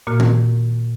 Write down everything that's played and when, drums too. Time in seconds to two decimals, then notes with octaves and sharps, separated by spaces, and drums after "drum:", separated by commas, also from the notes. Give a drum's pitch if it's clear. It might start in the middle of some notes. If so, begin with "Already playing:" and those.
0.07 A#2 A#3 F#4 F6
0.20 drum: tom D#3